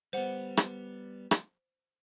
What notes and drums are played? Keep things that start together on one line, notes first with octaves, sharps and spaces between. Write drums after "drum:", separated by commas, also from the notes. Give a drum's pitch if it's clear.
G3 B3 C5 F#5
drum: rim click
drum: rim click